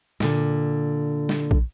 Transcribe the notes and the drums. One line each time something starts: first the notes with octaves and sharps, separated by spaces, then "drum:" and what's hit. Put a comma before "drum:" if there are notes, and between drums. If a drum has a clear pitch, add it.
A#2 D3, drum: snare
drum: snare
drum: kick